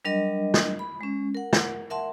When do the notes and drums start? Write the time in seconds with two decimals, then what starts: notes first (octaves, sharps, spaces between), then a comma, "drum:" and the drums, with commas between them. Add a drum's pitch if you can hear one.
0.05 F#3 G3 D4 A#4 D#5
0.54 drum: snare
0.79 B5
1.01 G#3 C#4
1.35 A#4 F#5
1.53 drum: snare
1.90 A#4 E5 F#5 A5 C6